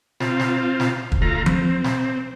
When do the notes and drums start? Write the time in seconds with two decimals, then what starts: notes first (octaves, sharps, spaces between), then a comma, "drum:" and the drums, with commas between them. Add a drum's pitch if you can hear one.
0.20 C4 F4, drum: snare
0.40 drum: snare
0.80 drum: snare
1.12 drum: kick
1.22 D2 A3 F4 A#5
1.46 C4, drum: tom F3
1.84 drum: snare